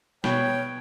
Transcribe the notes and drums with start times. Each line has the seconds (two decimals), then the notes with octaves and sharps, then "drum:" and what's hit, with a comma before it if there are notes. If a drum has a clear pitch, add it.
0.24 B2 C#5 G5, drum: snare